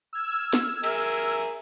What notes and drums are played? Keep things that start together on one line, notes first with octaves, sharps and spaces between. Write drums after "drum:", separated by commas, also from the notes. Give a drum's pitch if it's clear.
E6 F6 G#6
drum: snare
G#4 A#4 E5, drum: cymbal